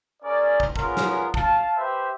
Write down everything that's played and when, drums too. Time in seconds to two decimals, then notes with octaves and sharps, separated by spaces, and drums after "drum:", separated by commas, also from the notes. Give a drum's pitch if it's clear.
0.23 C#4 G#4 A#4 D5
0.60 drum: kick
0.76 B3 C#4 F4 G#4 A#4, drum: kick
0.97 drum: snare
1.34 F5 A5, drum: kick
1.77 G4 B4 C5 E5